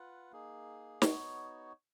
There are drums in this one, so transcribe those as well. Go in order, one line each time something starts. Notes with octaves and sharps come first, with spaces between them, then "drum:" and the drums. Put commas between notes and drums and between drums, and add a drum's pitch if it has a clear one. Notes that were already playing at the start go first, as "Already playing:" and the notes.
Already playing: F4 B4 F#5
A#3 D#4 G#4
B3 D#4 F#4 C#5, drum: snare